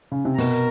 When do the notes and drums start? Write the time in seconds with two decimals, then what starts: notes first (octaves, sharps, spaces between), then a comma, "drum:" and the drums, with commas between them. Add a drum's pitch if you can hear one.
0.12 C#3
0.25 C3
0.38 B2 A#4, drum: open hi-hat